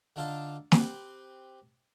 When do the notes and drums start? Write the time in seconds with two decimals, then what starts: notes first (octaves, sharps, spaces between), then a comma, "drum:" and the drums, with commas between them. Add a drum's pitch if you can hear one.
0.16 D3 D4 D#4 F4 A4 A5
0.72 C4 G4 B4, drum: snare